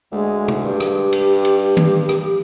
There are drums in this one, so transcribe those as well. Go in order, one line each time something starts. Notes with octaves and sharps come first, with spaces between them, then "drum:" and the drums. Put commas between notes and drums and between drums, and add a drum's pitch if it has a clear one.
D2 G#3
drum: tom
G2 G4
drum: rim click
drum: cymbal
drum: cymbal
drum: tom
drum: rim click